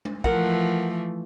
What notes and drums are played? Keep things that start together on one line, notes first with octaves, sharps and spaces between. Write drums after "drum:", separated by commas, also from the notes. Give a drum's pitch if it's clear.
drum: tom G#3
E3 F3 A3 A#4 F#5, drum: kick